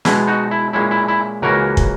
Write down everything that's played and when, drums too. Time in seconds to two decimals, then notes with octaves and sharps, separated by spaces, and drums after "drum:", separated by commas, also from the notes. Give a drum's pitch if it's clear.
0.05 B2 G#3 B3 E4, drum: snare
0.27 D#4 F#4
0.51 E4
0.73 A#2 G#3 C#4 E4
0.91 E4
1.08 E4
1.42 C#2 C#3 E3 A#3 C#4 F#4 A#4
1.77 drum: kick